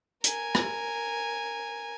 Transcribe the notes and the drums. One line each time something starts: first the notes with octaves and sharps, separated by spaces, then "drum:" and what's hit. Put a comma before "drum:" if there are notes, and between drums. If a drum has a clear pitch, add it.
A#4 G#5, drum: hi-hat
drum: rim click